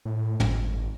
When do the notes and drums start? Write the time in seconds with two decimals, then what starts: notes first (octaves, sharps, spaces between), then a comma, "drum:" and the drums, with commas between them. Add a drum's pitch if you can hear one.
0.05 A2
0.40 G#1, drum: tom